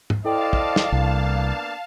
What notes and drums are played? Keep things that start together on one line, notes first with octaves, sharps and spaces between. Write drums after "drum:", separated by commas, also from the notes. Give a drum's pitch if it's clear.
drum: tom
E4 A4 C5 D5 D#5 F5 G5 A5
drum: kick
drum: snare
C2 A#3 B3 D4